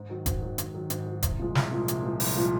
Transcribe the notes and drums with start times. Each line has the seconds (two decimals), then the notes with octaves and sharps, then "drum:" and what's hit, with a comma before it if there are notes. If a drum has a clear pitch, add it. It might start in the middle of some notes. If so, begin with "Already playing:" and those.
Already playing: G#2
0.09 D#3 F#3
0.26 G#2, drum: kick D1, hi-hat
0.42 D#3 F#3
0.58 G#2, drum: hi-hat
0.74 D#3 F#3
0.90 G#2, drum: hi-hat
1.06 D#3 F#3
1.23 C2, drum: kick D1, hi-hat
1.39 A#2 F3 G#3
1.55 C2, drum: snare
1.72 A#2 F3 G#3
1.88 C2, drum: hi-hat
2.03 A#2 F3 G#3
2.20 C2, drum: open hi-hat
2.36 A#2 F3 G#3